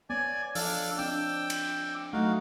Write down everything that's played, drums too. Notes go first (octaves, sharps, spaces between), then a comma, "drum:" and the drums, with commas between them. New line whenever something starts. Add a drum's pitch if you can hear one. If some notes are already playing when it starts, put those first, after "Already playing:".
B3 C#5 D5 G#5
F3 D4 A4 F5, drum: open hi-hat
C4 D4 D#5 G5 D6 E6
drum: cymbal
F#3 A3 D#4 F#4 F5